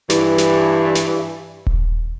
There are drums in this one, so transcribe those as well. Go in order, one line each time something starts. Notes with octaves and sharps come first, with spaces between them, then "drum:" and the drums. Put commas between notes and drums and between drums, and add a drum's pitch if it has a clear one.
G2 E3, drum: snare
drum: snare
drum: snare
drum: kick D#1